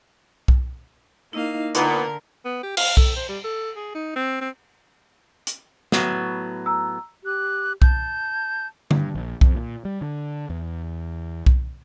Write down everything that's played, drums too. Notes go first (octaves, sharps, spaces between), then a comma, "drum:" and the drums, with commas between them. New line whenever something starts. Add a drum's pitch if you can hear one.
drum: kick B1
A#3 D#4 E4 D#5 F5
A#2 D3 B3 A#4, drum: hi-hat
B3
G4
F5, drum: cymbal
A4, drum: kick B1
C5
G3
A4
G#4
D#4
C4
C4
drum: hi-hat
A2 F#3 B3, drum: snare
A#5 E6
G4 D6 F#6
A5 G6, drum: kick B1
G2, drum: tom D3
A#1
F2, drum: kick B1
A#2
G3
D3
E2
drum: kick B1